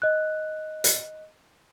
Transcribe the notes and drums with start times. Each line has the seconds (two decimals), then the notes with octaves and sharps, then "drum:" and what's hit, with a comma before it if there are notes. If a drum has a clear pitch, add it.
0.02 D#5 F#6
0.84 drum: hi-hat